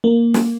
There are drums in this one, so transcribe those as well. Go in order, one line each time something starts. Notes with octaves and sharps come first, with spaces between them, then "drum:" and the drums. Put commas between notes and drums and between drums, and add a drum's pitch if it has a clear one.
A#3
drum: snare